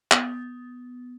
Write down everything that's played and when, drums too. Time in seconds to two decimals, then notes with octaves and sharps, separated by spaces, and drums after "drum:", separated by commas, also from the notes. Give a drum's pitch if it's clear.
0.11 B3, drum: clap